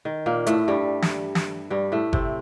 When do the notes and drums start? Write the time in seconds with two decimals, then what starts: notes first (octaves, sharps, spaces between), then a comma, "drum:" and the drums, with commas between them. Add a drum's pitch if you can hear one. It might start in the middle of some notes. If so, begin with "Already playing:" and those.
0.05 D#3
0.26 A#2 A#3
0.46 A2 A3, drum: hi-hat
0.68 G2 G3
1.02 drum: snare
1.35 drum: snare
1.70 G2 G3
1.92 A2 A3
2.13 C3 C4, drum: kick G1